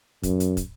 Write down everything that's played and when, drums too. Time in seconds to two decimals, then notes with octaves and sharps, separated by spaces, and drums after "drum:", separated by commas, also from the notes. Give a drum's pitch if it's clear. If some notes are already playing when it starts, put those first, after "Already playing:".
0.23 F#2, drum: kick, hi-hat
0.40 drum: hi-hat
0.57 drum: kick, hi-hat